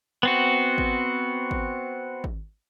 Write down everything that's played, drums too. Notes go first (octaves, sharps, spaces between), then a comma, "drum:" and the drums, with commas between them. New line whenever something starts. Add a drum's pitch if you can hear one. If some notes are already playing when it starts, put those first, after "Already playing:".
B3 C4 F#4
drum: kick G#1
drum: kick G#1
drum: kick G#1